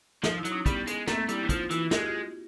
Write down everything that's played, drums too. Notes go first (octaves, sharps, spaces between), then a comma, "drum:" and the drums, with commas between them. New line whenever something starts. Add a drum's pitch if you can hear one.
F3 D#4, drum: snare
E4
F#3, drum: hi-hat
C#4 D#4
G3 B3 C#4, drum: kick, hi-hat
G#3, drum: hi-hat
A3 A#3 C4, drum: snare
G3 D4 E4, drum: hi-hat
E3
F3 D#4 F4, drum: kick, hi-hat
F4
E3 E4 F#4, drum: hi-hat
G#3 G4, drum: snare
F#4
F4 G4